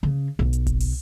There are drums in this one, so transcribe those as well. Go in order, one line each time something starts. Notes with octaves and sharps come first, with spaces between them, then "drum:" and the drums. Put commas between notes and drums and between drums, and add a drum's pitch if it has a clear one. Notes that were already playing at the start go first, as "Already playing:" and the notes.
C#3
B1
drum: hi-hat
drum: kick F#1, hi-hat
drum: open hi-hat